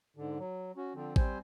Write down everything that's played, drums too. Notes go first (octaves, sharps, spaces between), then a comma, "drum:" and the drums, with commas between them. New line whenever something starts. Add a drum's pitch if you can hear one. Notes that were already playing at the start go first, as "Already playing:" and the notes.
G#2 D3
F#3
C#4 F#4
D3 F3 C4
G3 C4 C5 G#5, drum: kick A1